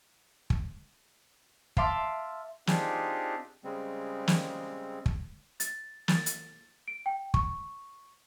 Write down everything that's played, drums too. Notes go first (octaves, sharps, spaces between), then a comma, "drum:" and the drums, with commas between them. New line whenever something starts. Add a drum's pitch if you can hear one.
drum: kick
E5 F5 A5 C6 D6 E6, drum: kick
C4 D4 D#4 F4 G4 G#4, drum: snare
C#3 G3 G#3 C4
drum: snare
drum: kick
A6, drum: hi-hat
A6, drum: snare
drum: hi-hat
D7
G5
C#6, drum: kick